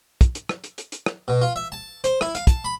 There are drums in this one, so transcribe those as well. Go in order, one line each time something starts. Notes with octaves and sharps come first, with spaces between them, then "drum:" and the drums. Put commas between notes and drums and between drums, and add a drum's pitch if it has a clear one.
drum: kick, hi-hat
drum: hi-hat
drum: rim click
drum: hi-hat
drum: hi-hat
drum: hi-hat
drum: rim click
B2
F4
E5
A5
C5, drum: hi-hat
E4, drum: rim click
F5, drum: hi-hat
A5, drum: kick, hi-hat
B5